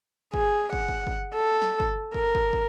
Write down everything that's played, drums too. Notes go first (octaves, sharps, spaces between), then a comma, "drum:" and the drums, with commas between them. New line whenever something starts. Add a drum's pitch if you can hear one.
G#4, drum: kick
F#5, drum: kick
drum: kick
drum: kick
A4
drum: snare
drum: kick
A#4, drum: kick
drum: kick
drum: kick